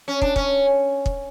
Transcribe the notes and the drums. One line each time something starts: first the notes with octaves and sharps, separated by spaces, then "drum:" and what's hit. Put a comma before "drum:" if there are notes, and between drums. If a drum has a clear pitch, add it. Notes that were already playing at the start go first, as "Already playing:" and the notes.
C#4
D4, drum: kick
C#4, drum: kick
drum: kick